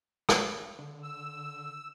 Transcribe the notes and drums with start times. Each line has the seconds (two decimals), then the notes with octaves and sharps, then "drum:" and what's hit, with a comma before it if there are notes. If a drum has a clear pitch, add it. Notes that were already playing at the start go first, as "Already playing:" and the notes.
0.29 drum: rim click
0.79 D3
1.03 E6